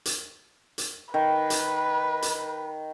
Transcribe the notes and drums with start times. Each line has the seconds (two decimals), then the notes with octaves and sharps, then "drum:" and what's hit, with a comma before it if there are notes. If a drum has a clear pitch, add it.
0.05 drum: hi-hat
0.78 drum: hi-hat
1.14 D#3 B4
1.50 drum: hi-hat
2.22 drum: hi-hat